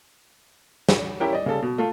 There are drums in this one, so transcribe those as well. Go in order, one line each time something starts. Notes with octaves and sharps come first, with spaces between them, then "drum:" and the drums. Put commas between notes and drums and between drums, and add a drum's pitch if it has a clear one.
drum: snare
C#4 E4 G4 A#4
D5 D#5
C#3 G3 A4
B2
A3 F4